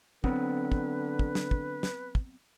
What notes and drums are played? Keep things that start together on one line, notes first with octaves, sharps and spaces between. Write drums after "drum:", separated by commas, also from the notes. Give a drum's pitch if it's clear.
D3 F#3 B3 C4 B4, drum: kick
drum: kick
drum: kick
drum: snare
drum: kick
drum: snare
drum: kick